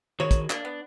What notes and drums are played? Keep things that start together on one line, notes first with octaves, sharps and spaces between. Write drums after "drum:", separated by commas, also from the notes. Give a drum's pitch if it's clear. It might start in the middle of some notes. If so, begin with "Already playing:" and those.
D#3 F#4 G#4 C#5
drum: kick, hi-hat
A#3 D4, drum: clap
B3